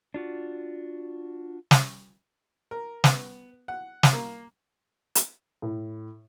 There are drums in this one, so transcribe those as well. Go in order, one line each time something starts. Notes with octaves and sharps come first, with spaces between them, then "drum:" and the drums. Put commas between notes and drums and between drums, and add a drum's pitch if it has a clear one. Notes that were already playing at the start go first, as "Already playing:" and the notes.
D4 F4 F#4
drum: snare
A#4
B3, drum: snare
F#5
drum: snare
A#3
drum: hi-hat
A2